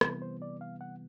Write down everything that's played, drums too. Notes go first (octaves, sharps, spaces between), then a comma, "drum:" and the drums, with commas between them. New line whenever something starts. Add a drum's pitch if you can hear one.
C3 E3 G3 B3 B4, drum: rim click
C5
D5
F5
F#5